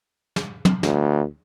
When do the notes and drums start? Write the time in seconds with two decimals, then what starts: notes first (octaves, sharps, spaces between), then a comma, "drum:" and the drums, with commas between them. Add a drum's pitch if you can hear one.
0.36 drum: snare
0.65 drum: tom
0.83 D2, drum: snare